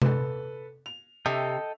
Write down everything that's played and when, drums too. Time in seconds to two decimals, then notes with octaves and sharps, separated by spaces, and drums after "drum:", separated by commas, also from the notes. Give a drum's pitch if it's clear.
0.02 A4 B4, drum: tom C3
0.86 F7
1.26 C3 A4 D#5 G5